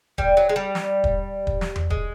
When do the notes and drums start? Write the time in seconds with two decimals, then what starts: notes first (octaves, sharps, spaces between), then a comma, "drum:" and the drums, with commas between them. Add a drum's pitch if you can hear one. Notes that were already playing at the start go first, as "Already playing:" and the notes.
0.18 G3, drum: kick
0.37 F#3
0.49 G#3
0.56 G3
0.75 drum: snare
1.04 drum: kick
1.47 drum: kick
1.61 drum: snare
1.76 drum: tom E2
1.90 G#3, drum: kick